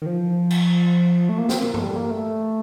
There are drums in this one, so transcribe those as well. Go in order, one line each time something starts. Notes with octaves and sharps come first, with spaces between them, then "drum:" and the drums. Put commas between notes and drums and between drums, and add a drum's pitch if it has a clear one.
D#3
F3
drum: cymbal
A3
A#3
C4, drum: snare
A#3
A3, drum: tom G2
G3
A#3
A3